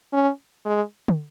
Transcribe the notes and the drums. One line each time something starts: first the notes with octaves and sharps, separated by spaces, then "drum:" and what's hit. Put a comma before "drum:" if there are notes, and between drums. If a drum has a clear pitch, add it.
C#4
G#3
drum: tom